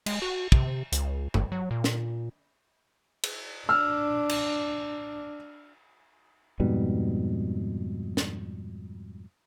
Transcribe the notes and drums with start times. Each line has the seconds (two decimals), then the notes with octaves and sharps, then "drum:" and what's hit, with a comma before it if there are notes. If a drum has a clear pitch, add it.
0.06 G#3, drum: cymbal
0.22 F#4
0.52 C3, drum: kick
0.92 C#2, drum: hi-hat
1.34 G1, drum: tom G2
1.52 F#3
1.71 A#2
1.84 drum: snare
3.23 drum: cymbal
3.69 D4 E6 F6
4.29 drum: cymbal
6.60 F2 G#2 B2 G3
8.17 drum: snare